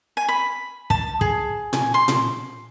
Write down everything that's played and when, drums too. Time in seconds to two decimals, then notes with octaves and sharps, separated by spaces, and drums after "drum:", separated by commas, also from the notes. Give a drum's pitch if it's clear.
0.17 G#5
0.29 B5
0.90 A5, drum: kick
1.21 G#4, drum: kick
1.73 G#5, drum: tom A#2
1.94 C6
2.08 drum: tom A#2